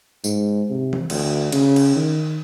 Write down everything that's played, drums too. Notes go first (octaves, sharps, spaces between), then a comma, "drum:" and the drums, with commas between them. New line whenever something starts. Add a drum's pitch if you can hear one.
G#2, drum: tambourine
C3
drum: tom E3
D2, drum: cymbal
C#3, drum: cymbal
drum: cymbal
D#3